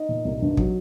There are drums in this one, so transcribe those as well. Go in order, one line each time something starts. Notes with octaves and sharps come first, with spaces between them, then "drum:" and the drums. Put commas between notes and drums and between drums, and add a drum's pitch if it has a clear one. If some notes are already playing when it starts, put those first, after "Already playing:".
Already playing: D#4 D#5
A#2
C2
G2
F#3, drum: kick